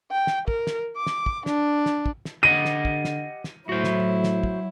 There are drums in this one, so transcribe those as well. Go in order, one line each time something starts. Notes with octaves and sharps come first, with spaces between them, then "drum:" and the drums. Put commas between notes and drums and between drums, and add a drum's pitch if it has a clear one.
G5
drum: snare
A#4, drum: kick
drum: snare
D6
drum: snare
drum: kick
D4, drum: snare
drum: snare
drum: kick
drum: snare
D3 G4 D#5 F#5 D#7
drum: snare
drum: kick
drum: snare
drum: snare
A2 F#3 E4 F#4 C5
drum: snare
drum: snare
drum: kick